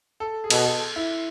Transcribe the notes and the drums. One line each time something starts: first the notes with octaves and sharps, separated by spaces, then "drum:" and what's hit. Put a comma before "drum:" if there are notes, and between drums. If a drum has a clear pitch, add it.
A4
G#4
B2 A4, drum: cymbal
A4
E4